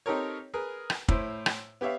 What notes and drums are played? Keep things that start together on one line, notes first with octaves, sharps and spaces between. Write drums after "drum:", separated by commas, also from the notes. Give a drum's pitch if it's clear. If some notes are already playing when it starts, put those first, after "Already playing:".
C4 D#4 G4 A4 A#4 C#5
G#4 A#4 B4
drum: rim click
A2 E4 C5, drum: kick
drum: rim click
B3 G4 C#5 E5 F5